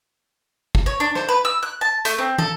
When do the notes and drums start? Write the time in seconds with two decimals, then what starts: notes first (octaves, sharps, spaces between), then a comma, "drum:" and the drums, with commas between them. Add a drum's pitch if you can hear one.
0.75 drum: kick
0.86 C#5
1.00 D4
1.15 C5, drum: rim click
1.29 B4
1.45 E6
1.63 F#6
1.81 A5
2.05 A3, drum: hi-hat
2.19 C4
2.38 A4, drum: tom